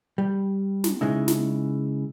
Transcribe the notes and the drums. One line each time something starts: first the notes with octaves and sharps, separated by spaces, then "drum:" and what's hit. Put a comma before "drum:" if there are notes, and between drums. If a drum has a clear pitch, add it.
G3
drum: snare
C#3 G#3 D#4 E4
drum: snare